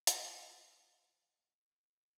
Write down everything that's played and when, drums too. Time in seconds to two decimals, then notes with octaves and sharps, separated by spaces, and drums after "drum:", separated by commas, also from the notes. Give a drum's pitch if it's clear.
0.07 G#4 G#5, drum: hi-hat